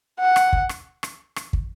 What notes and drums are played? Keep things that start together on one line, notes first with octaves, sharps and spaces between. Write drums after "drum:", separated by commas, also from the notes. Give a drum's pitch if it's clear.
F#5
drum: rim click
drum: kick
drum: rim click
drum: rim click
drum: rim click
drum: kick